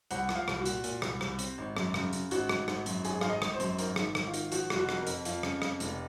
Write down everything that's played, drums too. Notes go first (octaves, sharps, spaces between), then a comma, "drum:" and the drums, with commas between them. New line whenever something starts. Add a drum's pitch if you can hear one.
C2 F#5, drum: hi-hat
F3, drum: rim click
F5
C2, drum: rim click
F#4
A#2, drum: hi-hat
A#2, drum: hi-hat
C2, drum: rim click
C2, drum: rim click
C4, drum: hi-hat
G#1
F#2, drum: rim click
C#3, drum: rim click
C#3, drum: hi-hat
G#1 F#4, drum: hi-hat
G#1, drum: rim click
G#1, drum: rim click
F#2, drum: hi-hat
G#1 G#4, drum: hi-hat
G#1 F5, drum: rim click
D#5
G#1, drum: rim click
C5
F#2, drum: hi-hat
G#1 A#4, drum: hi-hat
D#3, drum: rim click
G#1, drum: rim click
F4
D#3, drum: hi-hat
F3 F#4, drum: hi-hat
F1, drum: rim click
F#4
F2, drum: rim click
A#4
F2, drum: hi-hat
F2 F4, drum: hi-hat
C#3, drum: rim click
F2, drum: rim click
F1, drum: hi-hat